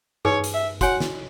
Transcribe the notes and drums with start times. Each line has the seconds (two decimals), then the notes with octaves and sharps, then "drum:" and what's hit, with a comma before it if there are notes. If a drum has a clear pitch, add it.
0.25 D#4 G#4 B4 C#5, drum: tom G2
0.44 drum: hi-hat
0.54 E5
0.81 F#4 C#5 F#5 G#5, drum: kick, hi-hat
1.00 drum: snare